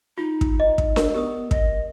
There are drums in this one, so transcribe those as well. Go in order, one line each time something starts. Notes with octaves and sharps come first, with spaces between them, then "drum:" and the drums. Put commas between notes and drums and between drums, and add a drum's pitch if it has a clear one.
D#4 F4
drum: kick
D#5
drum: kick
A#4, drum: snare D4
B3 G4 A#4 D#6
D#5, drum: kick